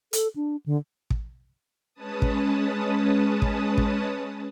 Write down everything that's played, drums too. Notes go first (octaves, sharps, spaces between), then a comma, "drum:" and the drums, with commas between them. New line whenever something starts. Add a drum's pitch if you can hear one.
A4, drum: hi-hat
D4
D3
drum: kick
G#3 C#4 B4 A5 D#6
drum: kick
drum: kick
drum: kick